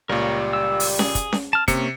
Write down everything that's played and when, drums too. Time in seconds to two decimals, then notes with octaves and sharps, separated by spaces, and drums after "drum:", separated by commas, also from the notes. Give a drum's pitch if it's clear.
0.09 C#2 A#2 G3 A#4 C#5
0.53 E6
0.80 drum: open hi-hat
0.99 G#4, drum: snare C#4
1.15 drum: kick, hi-hat
1.33 drum: snare C#4
1.53 A5 F6
1.68 C3 A#3 C#4 C#7, drum: kick, hi-hat